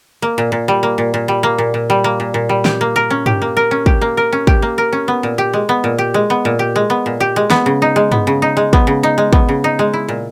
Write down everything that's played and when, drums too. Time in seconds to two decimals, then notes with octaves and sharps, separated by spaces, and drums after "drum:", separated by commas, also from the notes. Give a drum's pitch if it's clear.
0.22 A#3
0.38 A#2
0.52 A#2
0.68 G3
0.83 A#3
0.98 A#2
1.14 A#2
1.28 G3
1.43 A#3
1.58 A#2
1.74 A#2
1.90 G3
2.04 A#3
2.20 A#2
2.34 A#2
2.49 G3
2.65 G4, drum: snare
2.81 A#3
2.96 A#4
3.10 C#4
3.26 G4, drum: tom G2
3.42 A#3
3.57 A#4
3.71 C#4
3.86 G4, drum: kick
4.01 A#3
4.17 A#4
4.33 C#4
4.47 G4, drum: kick
4.62 A#3
4.78 A#4
4.93 C#4
5.08 B3
5.23 A#2
5.38 G4
5.53 G#3
5.69 B3
5.84 A#2
5.98 G4
6.14 G#3
6.30 B3
6.45 A#2
6.59 G4
6.76 G#3
6.90 B3
7.06 A#2
7.21 G4
7.36 G#3
7.50 B3, drum: snare
7.66 C#3
7.82 D#4
7.96 G#3
8.12 B3, drum: tom G2
8.27 C#3
8.42 D#4
8.57 G#3
8.73 B3, drum: kick
8.87 C#3
9.03 D#4
9.18 G#3
9.33 B3, drum: kick
9.49 C#3
9.64 D#4
9.79 G#3
9.94 E4
10.08 A#2